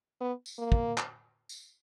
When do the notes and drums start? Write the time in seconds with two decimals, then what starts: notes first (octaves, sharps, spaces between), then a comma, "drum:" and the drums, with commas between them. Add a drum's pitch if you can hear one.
0.21 B3
0.46 drum: tambourine
0.58 A#3
0.72 drum: kick
0.98 drum: clap
1.49 drum: tambourine